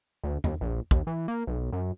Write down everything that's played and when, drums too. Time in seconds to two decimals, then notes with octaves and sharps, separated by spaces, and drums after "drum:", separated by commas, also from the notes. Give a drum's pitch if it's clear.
0.24 D2
0.44 D#2, drum: tom E2
0.61 A#1
0.91 D#2, drum: kick
1.07 E3
1.28 A#3
1.47 B1
1.72 F#2